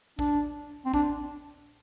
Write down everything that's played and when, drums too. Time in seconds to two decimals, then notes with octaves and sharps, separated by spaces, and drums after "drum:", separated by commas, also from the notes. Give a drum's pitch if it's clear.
0.19 D4, drum: kick
0.85 C4
0.94 D4, drum: kick